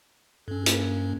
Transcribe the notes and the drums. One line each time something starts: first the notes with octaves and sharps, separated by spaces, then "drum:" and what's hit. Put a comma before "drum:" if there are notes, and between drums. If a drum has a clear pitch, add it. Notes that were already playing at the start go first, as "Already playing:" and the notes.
G2 C#4 A4
A#3, drum: hi-hat